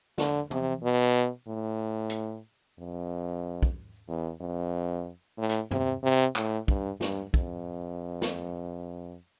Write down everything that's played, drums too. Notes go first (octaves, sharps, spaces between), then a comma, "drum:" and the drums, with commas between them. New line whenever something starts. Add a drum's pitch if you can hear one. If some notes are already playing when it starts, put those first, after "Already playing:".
D3, drum: snare
C3, drum: tom
B2
A2
drum: hi-hat
F2
drum: kick
E2
F2
A2
drum: hi-hat
C3, drum: tom G2
C3
A2, drum: clap
G2, drum: kick
G2, drum: snare
F2, drum: kick
drum: snare